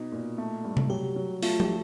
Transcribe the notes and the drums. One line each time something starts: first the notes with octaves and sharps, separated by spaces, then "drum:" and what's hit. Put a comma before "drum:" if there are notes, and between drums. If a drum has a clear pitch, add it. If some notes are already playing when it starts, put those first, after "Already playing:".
Already playing: B2 D#4
A#2
A3
G2
drum: tom C3
F#3 G4
F#3
A3 F4, drum: open hi-hat
G4, drum: tom F3